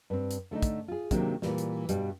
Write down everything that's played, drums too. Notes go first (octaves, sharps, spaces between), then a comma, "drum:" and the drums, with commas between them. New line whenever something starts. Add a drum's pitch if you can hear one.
G2 C4
drum: hi-hat
D3 A3 D4 D#4
drum: kick, hi-hat
F4 G#4
C3 D#3 F#3 A#3 C4 D4, drum: kick, hi-hat
A#2 E3 G3, drum: snare
drum: hi-hat
G2 B2 G3, drum: hi-hat